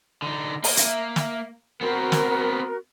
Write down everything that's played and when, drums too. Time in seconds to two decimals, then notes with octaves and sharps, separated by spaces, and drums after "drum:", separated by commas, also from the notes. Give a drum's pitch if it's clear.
0.22 D3 D#4
0.64 A#3 E5, drum: open hi-hat
0.77 drum: hi-hat
1.16 drum: snare
1.81 B3 C4 F#4 A#4
2.12 drum: snare